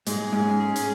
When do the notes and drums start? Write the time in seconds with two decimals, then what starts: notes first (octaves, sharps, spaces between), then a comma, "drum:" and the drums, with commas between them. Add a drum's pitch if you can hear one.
0.06 G#2 G#3, drum: hi-hat
0.33 G#2 C#4
0.58 G#4
0.76 drum: hi-hat